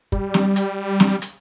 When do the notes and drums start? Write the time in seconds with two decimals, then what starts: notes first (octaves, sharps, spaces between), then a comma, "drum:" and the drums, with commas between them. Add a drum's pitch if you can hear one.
0.12 G3, drum: kick
0.34 drum: snare
0.56 drum: hi-hat
1.00 drum: snare
1.22 drum: hi-hat